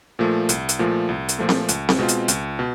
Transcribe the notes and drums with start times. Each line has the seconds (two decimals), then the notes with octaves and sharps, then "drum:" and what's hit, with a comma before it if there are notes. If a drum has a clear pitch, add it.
0.19 A#2 F3 A3
0.49 C2, drum: hi-hat
0.69 drum: hi-hat
0.79 A#2 F3 A3
1.09 C2
1.29 drum: hi-hat
1.39 A#2 F3 A3
1.49 drum: snare C4
1.69 C#2, drum: hi-hat
1.89 drum: snare C4
1.99 B2 G#3 C4 F4
2.09 drum: hi-hat
2.28 C#2, drum: hi-hat
2.59 B2